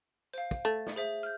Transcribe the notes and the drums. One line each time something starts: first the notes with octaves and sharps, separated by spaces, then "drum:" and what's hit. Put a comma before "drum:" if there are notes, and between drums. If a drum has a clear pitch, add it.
C5 F5, drum: tambourine
drum: kick, tambourine
A3 A6
drum: snare
G#4 C5 E5
F6 G6